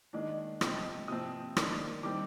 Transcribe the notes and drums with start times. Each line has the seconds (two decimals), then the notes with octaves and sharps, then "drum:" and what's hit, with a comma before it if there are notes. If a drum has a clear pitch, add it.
0.13 D#3 G#3 D4
0.61 C3 F3 G#3 C4, drum: rim click
1.08 C3 F3 C4 D#6
1.57 D#3 A#3 D4, drum: rim click
2.03 D#3 G3 C4 D6